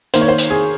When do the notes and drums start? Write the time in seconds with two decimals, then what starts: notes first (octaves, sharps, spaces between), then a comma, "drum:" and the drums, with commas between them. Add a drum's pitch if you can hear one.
0.14 D#3 A#3 C5, drum: hi-hat
0.21 C#5
0.28 C5
0.38 drum: hi-hat
0.50 G#4